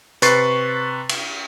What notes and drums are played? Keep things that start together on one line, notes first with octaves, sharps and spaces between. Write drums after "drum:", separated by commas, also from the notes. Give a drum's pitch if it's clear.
C3 B4 C#6 A6 C7, drum: hi-hat
drum: cymbal